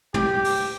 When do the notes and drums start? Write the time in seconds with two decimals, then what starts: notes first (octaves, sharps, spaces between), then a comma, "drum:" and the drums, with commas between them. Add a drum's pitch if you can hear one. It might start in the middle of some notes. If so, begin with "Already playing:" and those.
0.14 G4, drum: tom
0.44 drum: open hi-hat